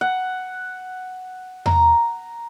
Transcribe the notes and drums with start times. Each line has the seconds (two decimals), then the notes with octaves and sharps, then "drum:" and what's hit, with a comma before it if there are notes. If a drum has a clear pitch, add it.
0.01 F#5
1.66 A#5, drum: tom E2